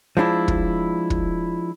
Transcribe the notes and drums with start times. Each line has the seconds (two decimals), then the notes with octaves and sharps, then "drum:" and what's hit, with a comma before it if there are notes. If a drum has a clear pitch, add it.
0.17 F3 G#3 D4 E4
0.48 drum: kick
1.10 drum: kick